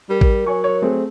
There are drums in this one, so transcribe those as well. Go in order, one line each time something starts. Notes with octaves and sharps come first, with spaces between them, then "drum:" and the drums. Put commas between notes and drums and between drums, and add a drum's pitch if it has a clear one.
G3 A#4
A#4, drum: kick A1
F#3 C#5 G#5 C#6
C#5
A3 C4 G#4